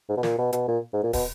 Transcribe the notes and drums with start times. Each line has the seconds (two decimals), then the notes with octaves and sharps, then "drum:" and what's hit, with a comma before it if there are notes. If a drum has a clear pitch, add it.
0.09 G#2
0.17 B2
0.23 A#2, drum: snare
0.38 B2
0.53 B2, drum: hi-hat
0.68 A#2
0.93 G#2
1.03 A#2
1.13 B2, drum: kick, open hi-hat